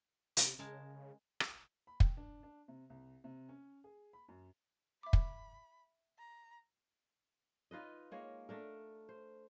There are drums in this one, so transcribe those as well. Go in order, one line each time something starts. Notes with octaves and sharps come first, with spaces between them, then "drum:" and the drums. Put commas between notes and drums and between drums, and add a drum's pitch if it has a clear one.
C3, drum: hi-hat
C#3 G#3 A#4 A5
drum: rim click
B5
G5, drum: kick
D4
D4
C3
C2
C3
C#4
G#4
B5
F#2
E5 B5 D6
drum: kick
A#5
D#4 F4 B4 D#5
G#3 A#3 C#5
A3 D4 A#4
C5